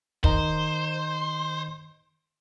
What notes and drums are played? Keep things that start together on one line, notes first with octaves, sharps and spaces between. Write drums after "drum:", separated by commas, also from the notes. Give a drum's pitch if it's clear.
D#3 C5 D#5 A#5, drum: kick